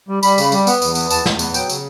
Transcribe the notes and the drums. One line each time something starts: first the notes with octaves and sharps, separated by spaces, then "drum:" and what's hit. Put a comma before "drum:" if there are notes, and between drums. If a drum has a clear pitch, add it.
G3
G3 B5, drum: tambourine
C#3, drum: tambourine
G3, drum: tambourine
B3, drum: tambourine
E2, drum: tambourine
B3, drum: tambourine
E2 A5, drum: tambourine
E2, drum: snare
B3, drum: tambourine
F#3 G5, drum: tambourine
C#3, drum: tambourine